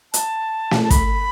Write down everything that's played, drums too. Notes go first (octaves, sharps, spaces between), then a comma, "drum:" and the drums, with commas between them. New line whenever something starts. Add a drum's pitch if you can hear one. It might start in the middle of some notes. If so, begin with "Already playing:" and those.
A5, drum: hi-hat
drum: snare
A5
B5, drum: kick, hi-hat